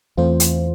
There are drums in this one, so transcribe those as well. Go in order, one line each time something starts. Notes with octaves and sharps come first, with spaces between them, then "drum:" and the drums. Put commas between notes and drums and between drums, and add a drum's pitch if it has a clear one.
E2 E3 A3 C4 F4 C5
drum: hi-hat